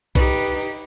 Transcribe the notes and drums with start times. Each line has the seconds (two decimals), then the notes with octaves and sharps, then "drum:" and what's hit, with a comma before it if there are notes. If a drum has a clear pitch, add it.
0.15 D#4 G4 B4, drum: kick, cymbal